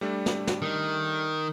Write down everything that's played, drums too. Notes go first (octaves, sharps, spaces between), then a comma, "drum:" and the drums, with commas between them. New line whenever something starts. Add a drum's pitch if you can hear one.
G3 A3 D4
drum: snare
drum: snare
D#3